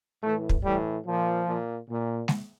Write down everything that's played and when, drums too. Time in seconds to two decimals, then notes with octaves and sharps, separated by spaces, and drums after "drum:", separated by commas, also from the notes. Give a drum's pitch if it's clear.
0.23 A2 E3 A3
0.49 drum: kick
0.64 A2 E3 G3
1.06 A#2 F3
1.48 A#2
1.90 A#2
2.28 drum: snare G#3